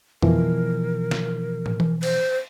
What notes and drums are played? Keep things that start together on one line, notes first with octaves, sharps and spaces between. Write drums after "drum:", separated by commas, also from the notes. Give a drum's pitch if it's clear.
B2 E3 F3 A#4, drum: tom F2
drum: snare
drum: tom
drum: tom E3
C5, drum: cymbal